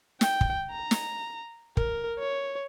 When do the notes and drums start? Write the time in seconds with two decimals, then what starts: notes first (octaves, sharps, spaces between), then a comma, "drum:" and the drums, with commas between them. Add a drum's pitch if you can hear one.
0.21 G5, drum: snare
0.41 drum: kick
0.71 A#5
0.91 drum: snare
1.77 A#4, drum: kick
2.19 C#5